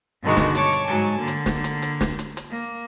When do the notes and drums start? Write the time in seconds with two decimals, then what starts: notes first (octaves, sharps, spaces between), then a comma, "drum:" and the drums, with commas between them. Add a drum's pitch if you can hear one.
0.22 G2 B2 D3 D#3 G#3 F#4
0.37 drum: snare
0.55 C#5 A5 C#6 D6, drum: hi-hat
0.73 drum: hi-hat
0.85 G#2 F#3 G#5 A5
1.18 D3 A#3
1.28 drum: hi-hat
1.46 drum: snare
1.64 drum: hi-hat
1.82 drum: hi-hat
2.01 drum: snare
2.19 drum: hi-hat
2.37 drum: hi-hat
2.49 A#3